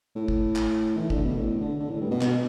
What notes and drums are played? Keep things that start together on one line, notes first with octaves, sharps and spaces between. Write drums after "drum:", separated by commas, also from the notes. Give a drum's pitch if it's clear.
A2
drum: kick
drum: clap
E3
D3, drum: kick
B2
A2
D3
D3
A2
G2
B2
B2, drum: clap